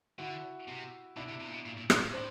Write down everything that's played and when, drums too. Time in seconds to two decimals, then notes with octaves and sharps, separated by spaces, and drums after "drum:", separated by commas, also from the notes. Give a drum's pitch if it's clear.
0.18 D3 E4 F#4
0.68 C3
1.16 B2 D4 E4
1.29 C3
1.41 C3
1.47 A#2
1.53 B2
1.66 A#2
1.77 A#2
1.90 A2, drum: rim click
2.02 A2
2.13 C4 D4